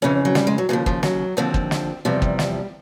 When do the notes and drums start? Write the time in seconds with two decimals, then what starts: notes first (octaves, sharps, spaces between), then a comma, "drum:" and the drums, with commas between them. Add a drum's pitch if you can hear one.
0.02 F2 C#3 E3 C#4
0.25 F#3
0.35 G3, drum: snare
0.47 G#3
0.58 F#3
0.69 D#2 C#3 F3 F#3
0.86 F3, drum: kick
1.03 F#3, drum: snare
1.37 D#2 D3 F3 C4
1.54 drum: kick
1.71 drum: snare
2.05 E2 C3 F3 G3
2.22 drum: kick
2.39 drum: snare